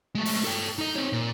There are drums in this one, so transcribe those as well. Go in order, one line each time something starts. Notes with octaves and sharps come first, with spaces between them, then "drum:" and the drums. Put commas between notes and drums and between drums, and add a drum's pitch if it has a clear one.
G#3 A3
drum: open hi-hat
A4 G5
D#4 D#5
C4 C#5
A#2